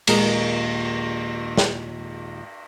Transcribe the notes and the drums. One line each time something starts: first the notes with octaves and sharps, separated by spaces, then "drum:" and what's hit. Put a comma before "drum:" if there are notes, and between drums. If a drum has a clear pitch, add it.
D#2 A#2 G#3 G#4 A#4 D#5, drum: cymbal
drum: snare